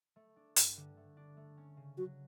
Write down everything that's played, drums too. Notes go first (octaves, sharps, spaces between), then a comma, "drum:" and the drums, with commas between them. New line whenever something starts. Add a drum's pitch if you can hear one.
A3
D4
G2, drum: hi-hat
D3
A3
D4
A3
C#4
C#3
F#3 F#4